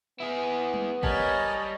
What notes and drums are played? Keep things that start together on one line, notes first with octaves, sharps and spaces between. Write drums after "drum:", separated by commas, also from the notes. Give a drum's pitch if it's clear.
B3 E4 G#4
drum: tom G3
G3 A#4 C#5 D#5 G#5 A5, drum: kick